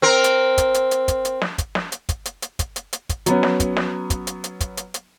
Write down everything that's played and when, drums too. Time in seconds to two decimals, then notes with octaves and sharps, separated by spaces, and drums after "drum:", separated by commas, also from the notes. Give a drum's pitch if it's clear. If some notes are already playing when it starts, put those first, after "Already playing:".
0.02 C4 A#4
0.24 drum: hi-hat
0.58 drum: kick, hi-hat
0.74 drum: hi-hat
0.91 drum: hi-hat
1.08 drum: kick, hi-hat
1.25 drum: hi-hat
1.42 drum: snare
1.58 drum: kick, hi-hat
1.75 drum: snare
1.92 drum: hi-hat
2.09 drum: kick, hi-hat
2.25 drum: hi-hat
2.42 drum: hi-hat
2.59 drum: kick, hi-hat
2.76 drum: hi-hat
2.93 drum: hi-hat
3.09 drum: kick, hi-hat
3.26 F#3 B3 C#4, drum: hi-hat
3.43 drum: snare
3.60 drum: kick, hi-hat
3.77 drum: snare
4.10 drum: kick, hi-hat
4.27 drum: hi-hat
4.44 drum: hi-hat
4.60 drum: kick, hi-hat
4.77 drum: hi-hat
4.94 drum: hi-hat